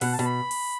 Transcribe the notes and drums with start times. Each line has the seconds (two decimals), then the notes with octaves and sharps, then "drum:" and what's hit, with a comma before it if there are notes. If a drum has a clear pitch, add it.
0.01 B2 F#5, drum: open hi-hat
0.13 A5
0.19 B2
0.25 B5
0.51 drum: open hi-hat